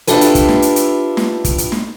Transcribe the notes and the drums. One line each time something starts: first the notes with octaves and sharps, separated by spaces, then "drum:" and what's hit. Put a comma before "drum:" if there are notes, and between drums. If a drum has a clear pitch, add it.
D4 E4 F4 G4 A4 B4, drum: hi-hat
drum: hi-hat
drum: kick, hi-hat
drum: snare
drum: hi-hat
drum: hi-hat
drum: snare
drum: kick, hi-hat
drum: hi-hat
drum: snare